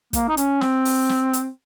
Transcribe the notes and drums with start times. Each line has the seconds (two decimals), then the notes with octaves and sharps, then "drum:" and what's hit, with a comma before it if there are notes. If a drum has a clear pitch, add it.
0.13 A#3, drum: kick, hi-hat
0.29 D#4
0.37 C#4, drum: hi-hat
0.61 C4, drum: snare
0.85 drum: open hi-hat
1.09 drum: snare
1.33 drum: hi-hat